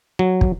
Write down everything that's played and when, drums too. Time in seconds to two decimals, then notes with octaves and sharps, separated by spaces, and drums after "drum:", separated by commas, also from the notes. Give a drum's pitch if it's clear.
0.19 F#3
0.41 drum: kick